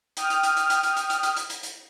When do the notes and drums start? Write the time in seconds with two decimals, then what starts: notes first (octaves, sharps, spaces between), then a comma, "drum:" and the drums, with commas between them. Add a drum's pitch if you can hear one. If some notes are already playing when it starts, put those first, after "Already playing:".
0.17 G5 D#6 F6, drum: hi-hat
0.30 drum: hi-hat
0.43 drum: hi-hat
0.57 drum: hi-hat
0.70 drum: hi-hat
0.83 drum: hi-hat
0.97 drum: hi-hat
1.10 drum: hi-hat
1.23 drum: hi-hat
1.36 drum: hi-hat
1.50 drum: hi-hat
1.63 drum: hi-hat